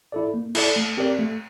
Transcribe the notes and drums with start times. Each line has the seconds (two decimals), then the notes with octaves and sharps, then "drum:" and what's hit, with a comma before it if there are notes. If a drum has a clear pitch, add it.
0.12 E4 A4 D5
0.34 A#3
0.55 E4 A4 D5, drum: cymbal
0.76 A3
0.97 C4 G4 A#4 D5
1.19 A3